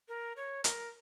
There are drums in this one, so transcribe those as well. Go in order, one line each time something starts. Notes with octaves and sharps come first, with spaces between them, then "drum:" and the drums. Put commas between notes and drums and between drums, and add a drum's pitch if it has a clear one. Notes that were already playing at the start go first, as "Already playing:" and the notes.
A#4
C#5
A#4, drum: hi-hat